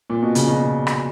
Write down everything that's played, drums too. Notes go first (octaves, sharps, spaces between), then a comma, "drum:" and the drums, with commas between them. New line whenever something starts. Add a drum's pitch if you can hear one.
A#2
B2
C#3, drum: hi-hat
B2
drum: rim click